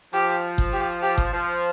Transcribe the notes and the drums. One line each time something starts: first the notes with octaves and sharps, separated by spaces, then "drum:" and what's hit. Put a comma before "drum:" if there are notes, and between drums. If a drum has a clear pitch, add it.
F3 G4
drum: kick G1
G4
G4
drum: kick G1
F3